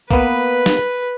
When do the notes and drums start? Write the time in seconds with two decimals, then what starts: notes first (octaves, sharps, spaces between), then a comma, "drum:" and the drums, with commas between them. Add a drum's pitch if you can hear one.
0.11 A#3 B3 B4, drum: kick
0.66 drum: snare